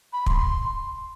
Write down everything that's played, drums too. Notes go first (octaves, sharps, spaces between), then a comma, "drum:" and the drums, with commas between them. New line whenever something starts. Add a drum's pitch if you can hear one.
B5
C6, drum: kick